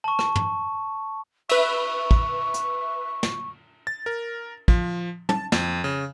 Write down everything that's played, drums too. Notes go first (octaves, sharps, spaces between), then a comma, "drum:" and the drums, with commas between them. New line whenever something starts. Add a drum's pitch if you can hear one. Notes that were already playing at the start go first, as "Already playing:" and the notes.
A5 C#6
drum: rim click
drum: tom
B4 E5 C#6, drum: cymbal
drum: kick
drum: hi-hat
drum: snare
A6
A#4
F3, drum: kick
A5, drum: tom
F2, drum: snare
C#3